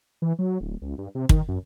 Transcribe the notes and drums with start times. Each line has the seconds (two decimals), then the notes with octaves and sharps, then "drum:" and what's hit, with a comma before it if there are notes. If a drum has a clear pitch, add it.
0.22 E3
0.39 F#3
0.61 D1
0.82 C#2
0.98 G2
1.15 C3
1.29 D#3, drum: kick
1.48 F#2